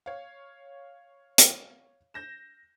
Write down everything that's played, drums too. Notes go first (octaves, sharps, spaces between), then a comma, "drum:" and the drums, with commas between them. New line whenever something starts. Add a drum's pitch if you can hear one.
C#5 F5
drum: hi-hat
G6 A#6 E7